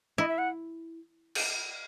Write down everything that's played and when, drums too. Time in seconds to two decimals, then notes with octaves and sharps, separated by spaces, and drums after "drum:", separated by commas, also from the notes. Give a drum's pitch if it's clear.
0.18 E4 D#5
0.28 E5
0.38 F#5
1.35 drum: cymbal